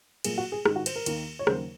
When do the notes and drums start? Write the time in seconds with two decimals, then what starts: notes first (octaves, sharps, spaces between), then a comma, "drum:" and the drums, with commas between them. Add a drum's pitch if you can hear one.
0.24 A#2 F#3 A#3 G#4, drum: cymbal
0.38 F#4
0.52 G#4
0.66 G#2 D#3 G#3 G#4, drum: rim click
0.76 F#4
0.86 C5, drum: cymbal
0.96 A#4
1.06 D#2 D#3 A#3, drum: cymbal
1.39 C#5
1.47 D#2 C#3 F#3 A#3 C5, drum: rim click